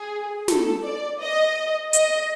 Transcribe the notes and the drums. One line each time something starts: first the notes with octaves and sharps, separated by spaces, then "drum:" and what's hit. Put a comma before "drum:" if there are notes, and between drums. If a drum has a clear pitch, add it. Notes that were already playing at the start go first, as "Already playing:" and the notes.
Already playing: G#4
A4, drum: snare
D5
D#5
D#5, drum: hi-hat